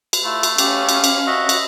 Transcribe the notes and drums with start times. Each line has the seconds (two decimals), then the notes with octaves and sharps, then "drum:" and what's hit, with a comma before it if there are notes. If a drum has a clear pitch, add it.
0.13 drum: cymbal
0.24 A3 E4 F4
0.43 drum: cymbal
0.58 C#4 G4 F5, drum: cymbal
0.89 drum: cymbal
1.04 drum: cymbal
1.27 F#4 D#5 E5
1.49 drum: cymbal